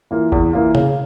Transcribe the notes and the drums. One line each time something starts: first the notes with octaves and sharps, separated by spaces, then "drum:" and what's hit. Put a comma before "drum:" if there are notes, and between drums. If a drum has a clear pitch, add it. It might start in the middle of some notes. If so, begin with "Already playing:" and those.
E3 A#3 F4
E2, drum: kick G1
E3 A#3 F4
C#3, drum: tom